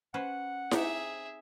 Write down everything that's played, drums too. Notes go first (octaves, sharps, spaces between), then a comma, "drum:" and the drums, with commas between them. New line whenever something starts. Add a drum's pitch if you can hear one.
C#4 B4 C5 F#5
C4 D#4 G4 G#4 E5, drum: snare E4